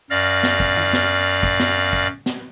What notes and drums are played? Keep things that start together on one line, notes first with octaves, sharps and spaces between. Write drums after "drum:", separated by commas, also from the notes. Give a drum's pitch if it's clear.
F#2 D5 F5 F6 A#6
drum: snare
drum: kick
drum: tom
drum: snare
drum: kick
drum: snare
drum: kick
drum: snare